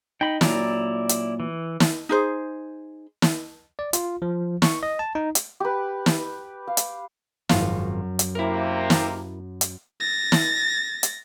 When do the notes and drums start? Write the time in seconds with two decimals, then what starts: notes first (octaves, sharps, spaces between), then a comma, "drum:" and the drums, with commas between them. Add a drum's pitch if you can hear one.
0.21 D#4 G5 B5
0.41 A#2 F#3 E4 D5 A#5, drum: snare
1.09 drum: hi-hat
1.40 E3
1.80 drum: snare
2.09 D#4 G#4 C5
3.22 drum: snare
3.79 D5
3.93 F4, drum: hi-hat
4.22 F3
4.62 C#6, drum: snare
4.83 D#5
4.99 A5
5.15 D#4
5.35 drum: hi-hat
5.60 G4 B4
6.06 drum: snare
6.67 F5
6.77 drum: hi-hat
7.49 G#1 F#2 F#3 F4 F5, drum: snare
8.19 drum: hi-hat
8.35 C3 A#3 E4 A#4
8.90 drum: snare
9.61 drum: hi-hat
10.00 A6 A#6
10.32 drum: snare
11.03 drum: hi-hat